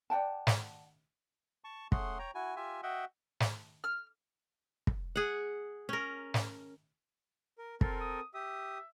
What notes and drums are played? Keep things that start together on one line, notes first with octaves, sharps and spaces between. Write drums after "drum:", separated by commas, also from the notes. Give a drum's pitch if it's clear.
D5 F#5 G5 A5
drum: snare
A5 C#6
A3 C#4 G#4 F#5 C6, drum: kick
C#5 G5 A#5
E4 F#4 G#5
F4 G4 E5 G#5
F#4 D#5 E5 F#5 G5
drum: snare
F6
drum: kick
G#4 F#5
C#4 A#4
drum: snare
A#4
C4 F4 A4 A#4, drum: kick
D#6
G4 E5 D#6